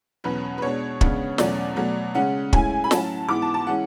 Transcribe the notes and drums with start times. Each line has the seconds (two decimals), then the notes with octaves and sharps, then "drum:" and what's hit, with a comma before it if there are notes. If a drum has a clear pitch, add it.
0.24 E2 B2 F#3 C#4 B4
0.58 B4
0.62 B2 G#3 D4 C#5
1.01 C#3 G#3 B3 D4, drum: kick
1.38 E2 B2 F#3 A3 C#4 D5, drum: snare
1.76 B2 F#3 A3
2.15 C#3 G#3 C#4 F#5
2.53 A2 G#3 C#4 E4 G#5, drum: kick
2.84 B5
2.91 A2 F#3 C#4 E4 A5, drum: snare
3.29 G#2 E3 B3 E4 D6
3.42 A5
3.54 A5
3.67 E3 G#3 C#4 E4 F#5